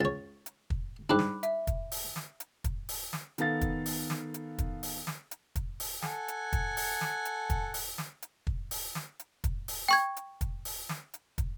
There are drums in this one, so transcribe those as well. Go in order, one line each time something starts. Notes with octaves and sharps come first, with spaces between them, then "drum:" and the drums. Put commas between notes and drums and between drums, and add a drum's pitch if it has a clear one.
C#2 C#5 A6
drum: hi-hat
drum: kick
G#2 G3 D4 B5 D6 F#6
drum: snare
E5, drum: hi-hat
drum: kick, hi-hat
drum: open hi-hat
drum: snare
drum: hi-hat
drum: kick, hi-hat
drum: open hi-hat
drum: snare
D#3 B3 A4 F5 A6, drum: hi-hat
drum: kick, hi-hat
drum: open hi-hat
drum: snare
drum: hi-hat
drum: kick, hi-hat
drum: open hi-hat
drum: snare
drum: hi-hat
drum: kick, hi-hat
drum: open hi-hat
A4 F#5 G#5, drum: snare
drum: hi-hat
drum: kick, hi-hat
drum: open hi-hat
drum: snare
drum: hi-hat
drum: kick, hi-hat
drum: open hi-hat
drum: snare
drum: hi-hat
drum: kick
drum: open hi-hat
drum: snare
drum: hi-hat
drum: kick, hi-hat
drum: open hi-hat
G5 C#6 G#6
drum: hi-hat
drum: kick, hi-hat
drum: open hi-hat
drum: snare
drum: hi-hat
drum: kick, hi-hat